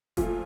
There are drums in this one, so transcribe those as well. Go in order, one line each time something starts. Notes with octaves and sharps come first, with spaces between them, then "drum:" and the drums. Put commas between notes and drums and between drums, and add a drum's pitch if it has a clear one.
A#2 F3 A3 F4, drum: kick F1, hi-hat